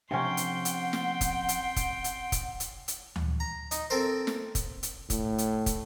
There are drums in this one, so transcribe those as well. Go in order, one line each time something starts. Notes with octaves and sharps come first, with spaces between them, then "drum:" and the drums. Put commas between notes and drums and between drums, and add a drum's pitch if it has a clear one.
C3 F3 C#4 D4 F#5 G5 C6
drum: hi-hat
drum: hi-hat
drum: snare
drum: kick, hi-hat
drum: hi-hat
drum: kick, hi-hat
drum: hi-hat
drum: kick, hi-hat
drum: hi-hat
drum: hi-hat
drum: tom D2
A#5
D#4, drum: hi-hat
C4 A4 A#4 C5
drum: snare
drum: kick, hi-hat
drum: hi-hat
A2, drum: kick, hi-hat
drum: hi-hat
drum: kick, hi-hat